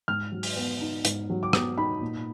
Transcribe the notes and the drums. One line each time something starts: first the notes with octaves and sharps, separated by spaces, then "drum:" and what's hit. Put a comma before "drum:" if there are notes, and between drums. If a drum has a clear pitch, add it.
G#2 F6
F#3
drum: open hi-hat
B3
D#4
G#2, drum: hi-hat
F#3
D6
B3 D#6, drum: rim click
D#4 B5
A#2